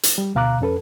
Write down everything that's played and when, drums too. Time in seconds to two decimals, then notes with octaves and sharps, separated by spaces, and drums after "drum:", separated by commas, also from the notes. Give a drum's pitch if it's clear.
0.03 drum: hi-hat
0.18 G3
0.35 D2 B2 F5 A#5 D6 F#6
0.61 F2 C#4 A4 B4